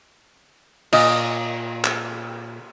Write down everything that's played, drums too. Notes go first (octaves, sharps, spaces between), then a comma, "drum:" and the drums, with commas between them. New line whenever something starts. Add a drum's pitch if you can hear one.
A#2 D#5, drum: cymbal
drum: clap